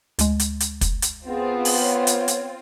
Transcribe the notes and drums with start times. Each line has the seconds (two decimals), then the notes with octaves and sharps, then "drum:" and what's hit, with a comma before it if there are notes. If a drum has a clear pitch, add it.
0.19 D2 G#3, drum: hi-hat
0.40 drum: hi-hat
0.60 drum: hi-hat
0.81 drum: kick, hi-hat
1.02 drum: hi-hat
1.28 B3 C4 F4 G#4
1.65 drum: open hi-hat
1.80 C#5
2.07 drum: hi-hat
2.28 drum: hi-hat